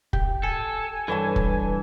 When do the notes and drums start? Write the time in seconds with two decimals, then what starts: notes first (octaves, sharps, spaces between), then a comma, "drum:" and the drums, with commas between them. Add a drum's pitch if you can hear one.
0.13 G4, drum: kick
0.43 A4 G#5
1.08 G2 E3 A4 C#5 A5
1.36 drum: kick